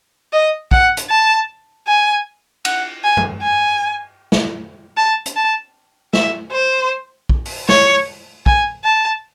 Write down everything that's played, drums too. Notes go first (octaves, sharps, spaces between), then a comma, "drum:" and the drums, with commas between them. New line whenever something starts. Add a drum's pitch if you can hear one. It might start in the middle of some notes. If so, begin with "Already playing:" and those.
D#5
F#5, drum: kick
drum: hi-hat
A5
G#5
F#5, drum: cymbal
G#5
drum: tom
G#5
drum: snare
A5
drum: hi-hat
A5
E5, drum: snare
C5
drum: kick
drum: open hi-hat
C#5, drum: snare
G#5, drum: kick
A5